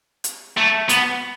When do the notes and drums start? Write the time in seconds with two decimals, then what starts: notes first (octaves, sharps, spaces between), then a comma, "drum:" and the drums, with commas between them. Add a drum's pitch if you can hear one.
0.24 drum: hi-hat
0.57 A3
0.89 B3, drum: hi-hat